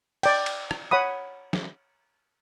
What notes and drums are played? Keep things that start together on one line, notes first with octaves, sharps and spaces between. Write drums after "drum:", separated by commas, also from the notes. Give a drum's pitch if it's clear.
D5 G5, drum: cymbal
drum: cymbal
drum: rim click
C#5 F#5 B5 D#6
drum: snare